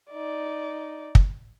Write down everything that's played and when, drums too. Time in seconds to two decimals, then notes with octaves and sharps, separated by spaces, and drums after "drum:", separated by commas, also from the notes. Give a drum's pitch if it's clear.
0.11 D#4 D5
1.15 drum: kick